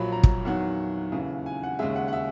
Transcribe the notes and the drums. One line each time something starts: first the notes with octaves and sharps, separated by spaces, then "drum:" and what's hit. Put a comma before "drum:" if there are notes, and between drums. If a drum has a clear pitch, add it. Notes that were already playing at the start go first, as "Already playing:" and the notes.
Already playing: A#1 A#2 F#3 B5
A#5
drum: kick
E2 D#3 F#3 F#5
D#2 C#3 E3
G#5
F#5
D#2 C#3 G#3 E5
F#5
F#5
E5